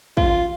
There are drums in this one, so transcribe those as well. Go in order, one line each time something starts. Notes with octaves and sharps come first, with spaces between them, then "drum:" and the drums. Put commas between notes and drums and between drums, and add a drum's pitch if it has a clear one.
F4, drum: kick